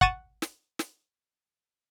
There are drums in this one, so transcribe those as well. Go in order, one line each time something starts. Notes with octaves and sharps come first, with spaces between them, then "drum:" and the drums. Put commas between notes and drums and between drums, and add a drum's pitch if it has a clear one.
F#5 C#6 A6 D#7 E7, drum: kick
drum: snare
drum: snare